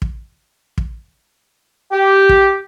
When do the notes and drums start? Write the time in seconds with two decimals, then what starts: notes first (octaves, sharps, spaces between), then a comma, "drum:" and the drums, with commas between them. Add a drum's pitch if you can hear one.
0.02 drum: kick
0.78 drum: kick
1.91 G4
2.29 drum: kick